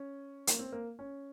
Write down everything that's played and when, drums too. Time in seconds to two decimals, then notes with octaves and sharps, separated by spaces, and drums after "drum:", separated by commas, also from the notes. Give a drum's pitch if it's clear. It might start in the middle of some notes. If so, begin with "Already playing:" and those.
Already playing: C#4
0.47 A#3, drum: hi-hat
0.59 C4
0.72 A#3
0.99 C#4